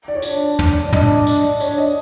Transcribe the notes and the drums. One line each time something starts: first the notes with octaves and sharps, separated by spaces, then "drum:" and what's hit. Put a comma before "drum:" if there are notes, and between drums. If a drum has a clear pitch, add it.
D5
C#5
D4 D5, drum: tambourine
drum: tom
D5
D4 D#5, drum: tom
drum: tambourine
D4 C#5, drum: tambourine
D#5